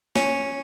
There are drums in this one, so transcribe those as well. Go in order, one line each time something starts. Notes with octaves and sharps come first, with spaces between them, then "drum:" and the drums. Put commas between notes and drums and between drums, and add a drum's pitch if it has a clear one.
C#4, drum: snare